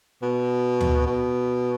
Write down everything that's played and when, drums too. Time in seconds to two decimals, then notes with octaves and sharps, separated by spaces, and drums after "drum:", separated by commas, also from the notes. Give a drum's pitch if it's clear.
0.22 B2
0.81 drum: tom
1.06 B2